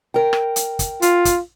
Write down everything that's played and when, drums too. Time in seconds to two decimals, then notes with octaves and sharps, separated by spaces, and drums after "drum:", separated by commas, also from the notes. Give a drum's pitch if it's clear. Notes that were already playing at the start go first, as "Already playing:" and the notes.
0.14 A#4 G5
0.33 drum: rim click
0.56 drum: hi-hat
0.79 drum: kick, hi-hat
1.02 F4, drum: hi-hat
1.25 drum: kick, hi-hat